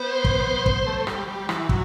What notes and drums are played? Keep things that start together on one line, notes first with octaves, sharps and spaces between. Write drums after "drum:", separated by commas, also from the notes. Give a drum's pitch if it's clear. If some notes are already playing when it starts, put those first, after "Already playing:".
Already playing: B3 C5
drum: kick
drum: kick
A3
G3, drum: rim click
G3
E3, drum: rim click
F#3, drum: kick